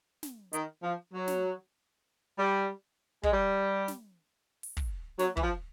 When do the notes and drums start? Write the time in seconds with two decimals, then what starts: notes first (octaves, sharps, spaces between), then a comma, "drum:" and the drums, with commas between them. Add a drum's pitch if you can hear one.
0.23 drum: snare
0.53 D#3, drum: hi-hat
0.83 F3
1.14 F#3
1.28 drum: snare
2.39 G3
3.23 G#3, drum: kick
3.32 G3
3.88 drum: snare
4.63 drum: open hi-hat
4.77 drum: kick
5.19 F#3, drum: snare
5.37 E3, drum: kick
5.42 F3